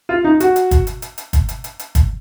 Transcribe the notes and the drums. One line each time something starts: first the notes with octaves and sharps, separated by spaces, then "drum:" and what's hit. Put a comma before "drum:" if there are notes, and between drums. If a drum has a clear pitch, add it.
F4
D#4
F#4, drum: hi-hat
drum: hi-hat
drum: kick G1, hi-hat
drum: hi-hat
drum: hi-hat
drum: hi-hat
drum: kick G1, hi-hat
drum: hi-hat
drum: hi-hat
drum: hi-hat
drum: kick G1, hi-hat